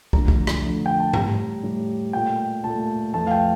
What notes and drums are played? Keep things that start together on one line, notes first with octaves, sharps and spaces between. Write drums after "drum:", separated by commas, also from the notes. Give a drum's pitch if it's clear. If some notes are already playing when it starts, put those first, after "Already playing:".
F2 D3 A3 A#5, drum: kick
drum: kick
drum: rim click
F2 D3 A3
G5
A5
A2 G3 A#5, drum: tom G#2
A2 G3
A#2 A3 G5
A#2 A3 A5
F2 E3 A3 A5
F5
G5